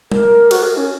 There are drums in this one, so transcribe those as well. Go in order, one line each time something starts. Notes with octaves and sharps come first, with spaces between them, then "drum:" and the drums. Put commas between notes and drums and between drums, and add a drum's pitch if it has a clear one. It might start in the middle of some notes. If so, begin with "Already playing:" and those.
A#4, drum: tom G3
F#4, drum: cymbal
A#4
C#4